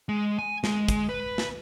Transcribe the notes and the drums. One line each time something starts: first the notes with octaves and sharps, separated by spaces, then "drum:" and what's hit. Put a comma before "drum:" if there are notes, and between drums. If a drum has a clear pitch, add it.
G#3
G#5
G#3, drum: snare
drum: kick, hi-hat
B4
drum: snare